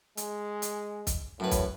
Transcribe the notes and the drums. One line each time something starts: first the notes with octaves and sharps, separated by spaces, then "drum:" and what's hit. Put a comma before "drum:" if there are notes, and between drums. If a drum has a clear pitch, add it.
G#3, drum: hi-hat
drum: hi-hat
drum: kick, hi-hat
F#2 A2 B4
drum: kick, hi-hat